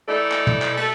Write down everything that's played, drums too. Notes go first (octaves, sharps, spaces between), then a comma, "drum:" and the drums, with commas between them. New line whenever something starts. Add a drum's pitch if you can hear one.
E3 A3 D#4 A4 D5
drum: clap
drum: tom
drum: clap
A3, drum: cymbal